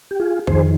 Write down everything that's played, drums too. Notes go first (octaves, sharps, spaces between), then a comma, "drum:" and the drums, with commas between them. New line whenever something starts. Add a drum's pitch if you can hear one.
G4
F4 G#4
F2 D#3 G#4 C5, drum: kick C2